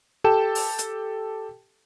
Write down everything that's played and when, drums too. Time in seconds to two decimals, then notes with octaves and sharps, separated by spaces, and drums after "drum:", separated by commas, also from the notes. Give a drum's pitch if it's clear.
0.24 G4 A4 G5 A5 E7
0.55 drum: open hi-hat
0.79 drum: hi-hat